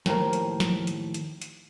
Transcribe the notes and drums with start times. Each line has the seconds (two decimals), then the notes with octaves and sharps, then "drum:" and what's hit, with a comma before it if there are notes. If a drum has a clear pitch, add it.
0.06 D#2 A2 F3 A#4, drum: snare
0.33 drum: hi-hat
0.60 drum: snare
0.87 drum: hi-hat
1.14 drum: hi-hat
1.42 drum: hi-hat